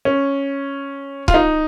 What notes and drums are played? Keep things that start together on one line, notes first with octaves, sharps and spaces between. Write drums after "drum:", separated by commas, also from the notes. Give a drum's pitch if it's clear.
C#4
F4, drum: kick
D#4